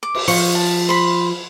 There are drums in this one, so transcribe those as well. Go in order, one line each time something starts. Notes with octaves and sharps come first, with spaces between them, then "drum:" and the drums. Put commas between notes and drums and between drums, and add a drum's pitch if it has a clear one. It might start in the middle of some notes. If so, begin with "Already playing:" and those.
D6
drum: cymbal
F3 C#6, drum: open hi-hat
A5
C5 B5